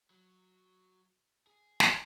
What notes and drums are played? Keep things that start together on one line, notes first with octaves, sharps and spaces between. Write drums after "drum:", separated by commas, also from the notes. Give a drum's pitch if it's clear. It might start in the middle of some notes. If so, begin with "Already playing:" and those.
F#3
G#4
drum: snare